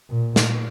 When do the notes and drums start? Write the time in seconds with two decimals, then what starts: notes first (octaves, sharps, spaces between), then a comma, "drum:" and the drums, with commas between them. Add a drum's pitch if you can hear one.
0.10 A#2
0.36 drum: snare